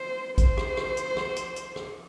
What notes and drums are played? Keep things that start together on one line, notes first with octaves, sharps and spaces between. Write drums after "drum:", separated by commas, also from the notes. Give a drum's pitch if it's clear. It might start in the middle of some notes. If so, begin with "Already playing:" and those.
Already playing: C5
C5, drum: kick, hi-hat
drum: rim click
drum: rim click
drum: hi-hat
drum: rim click
drum: hi-hat
drum: hi-hat
drum: rim click